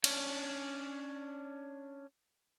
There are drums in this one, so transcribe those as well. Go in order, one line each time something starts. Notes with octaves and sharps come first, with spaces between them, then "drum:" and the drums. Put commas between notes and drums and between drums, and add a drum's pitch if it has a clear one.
C#4 D4, drum: cymbal